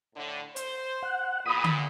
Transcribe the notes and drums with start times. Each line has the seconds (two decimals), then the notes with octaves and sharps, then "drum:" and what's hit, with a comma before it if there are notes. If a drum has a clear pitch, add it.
0.15 A2 D3
0.56 C5, drum: hi-hat
1.03 F#5
1.46 E2 A#2 B5 D#6
1.64 drum: tom D3